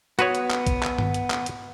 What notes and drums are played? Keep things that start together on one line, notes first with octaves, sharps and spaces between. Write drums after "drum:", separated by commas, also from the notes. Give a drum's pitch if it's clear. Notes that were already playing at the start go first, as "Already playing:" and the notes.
B3 F#4 B4 C#5 D#6, drum: hi-hat
drum: hi-hat
drum: clap
drum: kick, hi-hat
drum: clap
drum: tom G2
drum: hi-hat
drum: clap
drum: hi-hat